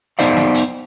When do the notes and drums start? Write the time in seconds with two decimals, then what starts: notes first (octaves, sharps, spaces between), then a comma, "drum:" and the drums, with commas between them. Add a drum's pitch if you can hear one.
0.19 B3 D#4 C5 D5 F5, drum: hi-hat
0.37 drum: snare
0.54 drum: hi-hat